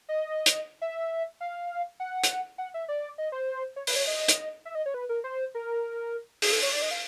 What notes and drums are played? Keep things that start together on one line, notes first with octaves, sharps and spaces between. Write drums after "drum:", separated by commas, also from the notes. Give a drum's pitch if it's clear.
D#5
drum: hi-hat
E5
F5
F#5
drum: hi-hat
F#5
E5
D5
D#5
C5
C#5
B4, drum: open hi-hat
C#5
D#5
drum: hi-hat
E5
D#5
C#5
B4
A#4
C5
A#4
G#4, drum: open hi-hat
A4
C#5
D5
D#5
F5